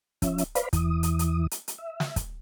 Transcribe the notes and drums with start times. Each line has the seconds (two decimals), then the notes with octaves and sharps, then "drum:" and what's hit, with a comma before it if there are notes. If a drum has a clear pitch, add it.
0.22 F3 C#4 E5, drum: kick, hi-hat
0.38 drum: hi-hat
0.55 B4 C5 D5 F5 B5, drum: hi-hat
0.73 E2 E3 D#6, drum: kick, hi-hat
1.03 drum: hi-hat
1.19 drum: hi-hat
1.51 drum: hi-hat
1.68 drum: hi-hat
1.78 E5
2.00 drum: snare
2.16 drum: kick, hi-hat